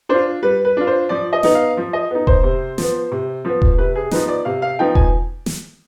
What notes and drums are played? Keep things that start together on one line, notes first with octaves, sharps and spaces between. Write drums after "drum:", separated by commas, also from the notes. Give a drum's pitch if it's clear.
D4 F4 C5
G3 B4
B4
D4 F4
C5
F3 D5
D#5
B3 D#4, drum: snare
F5
F3
D#5
B3 D#4
C5, drum: kick E1
C3
F3 B3, drum: snare
C3
F3 B3
drum: kick E1
C3 B4
G#4
F3 B3 D#4 B4, drum: snare
D5
C3 F5
F5
F3 B3 D#4 G5
G#5, drum: kick E1
drum: snare